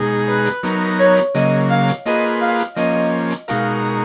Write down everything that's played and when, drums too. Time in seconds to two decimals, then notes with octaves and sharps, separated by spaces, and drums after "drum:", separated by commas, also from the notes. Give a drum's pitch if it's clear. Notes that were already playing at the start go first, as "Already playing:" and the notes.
Already playing: B2 G#3 D#4 G#4
0.28 B4
0.45 drum: hi-hat
0.63 F#3 B3 D#4 A#4, drum: hi-hat
0.99 C#5
1.17 drum: hi-hat
1.35 C#3 F#3 A#3 D#5, drum: hi-hat
1.70 F5
1.88 drum: hi-hat
2.06 A#3 F4 G#4 B4 D#5, drum: hi-hat
2.41 F5
2.59 drum: hi-hat
2.76 F3 A#3 C#4 D#5, drum: hi-hat
3.30 drum: hi-hat
3.48 B2 G#3 D#4 F#4 A#4 F5, drum: hi-hat